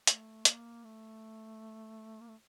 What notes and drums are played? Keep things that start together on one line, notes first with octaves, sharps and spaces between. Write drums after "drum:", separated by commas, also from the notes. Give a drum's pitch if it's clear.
A3, drum: hi-hat
A#3, drum: hi-hat
A3
A#3
A3